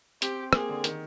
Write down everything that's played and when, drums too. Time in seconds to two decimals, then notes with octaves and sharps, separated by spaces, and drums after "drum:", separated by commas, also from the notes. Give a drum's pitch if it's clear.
0.22 C4 G4, drum: hi-hat
0.53 A#3 G#4, drum: rim click
0.69 D3
0.84 D#3, drum: hi-hat